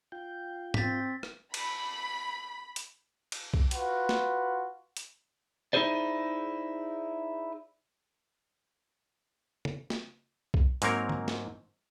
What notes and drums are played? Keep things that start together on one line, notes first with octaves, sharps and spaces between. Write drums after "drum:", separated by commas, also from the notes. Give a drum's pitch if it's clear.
F4 G5
C4 A6 B6, drum: tom G#2
drum: rim click
B5, drum: cymbal
drum: hi-hat
drum: cymbal
drum: kick B1
F4 F#4 B4, drum: hi-hat
drum: snare
drum: hi-hat
D#4 E4 F#4 G#4 C5 D5
drum: tom C#3
drum: snare
drum: kick B1
G#2 F#3 A#3 C4 A#4 C#5, drum: hi-hat
drum: tom D3
drum: snare